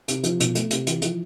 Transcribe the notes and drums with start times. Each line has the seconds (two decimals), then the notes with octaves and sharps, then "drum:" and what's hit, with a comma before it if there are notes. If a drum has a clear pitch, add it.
0.08 C3, drum: hi-hat
0.23 F3, drum: hi-hat
0.40 B2, drum: hi-hat
0.55 A3, drum: hi-hat
0.71 C3, drum: hi-hat
0.87 E3, drum: hi-hat
1.02 F3, drum: hi-hat